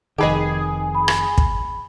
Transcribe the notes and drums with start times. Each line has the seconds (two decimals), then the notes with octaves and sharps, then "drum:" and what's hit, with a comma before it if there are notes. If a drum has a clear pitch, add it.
0.18 F1 D#3 G4 G#4 B4 D#5
0.95 B5
1.08 drum: rim click
1.38 drum: kick